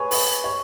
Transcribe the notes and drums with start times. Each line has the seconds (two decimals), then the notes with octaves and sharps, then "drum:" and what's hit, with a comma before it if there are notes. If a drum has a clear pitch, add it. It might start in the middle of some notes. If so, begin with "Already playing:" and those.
Already playing: G#4 B4 C#5
0.11 B4, drum: open hi-hat
0.44 C#5